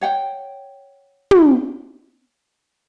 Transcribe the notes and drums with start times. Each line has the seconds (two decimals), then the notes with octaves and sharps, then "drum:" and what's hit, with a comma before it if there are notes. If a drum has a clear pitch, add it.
0.01 C#5 F#5 G5
1.31 drum: tom